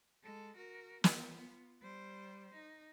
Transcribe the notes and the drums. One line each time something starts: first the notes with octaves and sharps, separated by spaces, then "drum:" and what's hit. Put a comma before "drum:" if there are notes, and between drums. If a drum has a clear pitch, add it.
G#3 A4
F#4 A#4
B3 F4, drum: snare
G3 C5
D#4